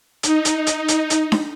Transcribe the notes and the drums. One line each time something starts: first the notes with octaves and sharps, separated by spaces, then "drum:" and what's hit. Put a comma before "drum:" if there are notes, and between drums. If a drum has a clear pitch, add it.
D#4, drum: hi-hat
drum: hi-hat
drum: hi-hat
drum: hi-hat
drum: hi-hat
drum: snare D4